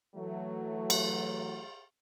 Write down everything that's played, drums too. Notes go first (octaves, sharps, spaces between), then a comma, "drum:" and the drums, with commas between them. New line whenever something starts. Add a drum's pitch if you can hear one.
E3 F#3 A3
drum: cymbal